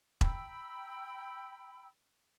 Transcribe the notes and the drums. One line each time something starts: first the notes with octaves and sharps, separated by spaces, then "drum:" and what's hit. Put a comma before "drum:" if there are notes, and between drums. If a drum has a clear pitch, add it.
G5 A#5 B5 E6, drum: kick E1